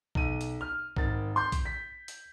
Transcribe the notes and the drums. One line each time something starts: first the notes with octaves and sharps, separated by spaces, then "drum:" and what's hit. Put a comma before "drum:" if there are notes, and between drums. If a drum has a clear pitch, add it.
B1 D#7, drum: kick A#1
drum: hi-hat
F6
G#1 A#4 A6, drum: kick A#1
C6 G6
drum: kick A#1, hi-hat
B6
drum: hi-hat